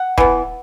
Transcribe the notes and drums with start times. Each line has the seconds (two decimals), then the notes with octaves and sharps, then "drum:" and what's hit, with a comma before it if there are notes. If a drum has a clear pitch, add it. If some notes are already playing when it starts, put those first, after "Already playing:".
Already playing: F#5
0.18 E3 B3, drum: kick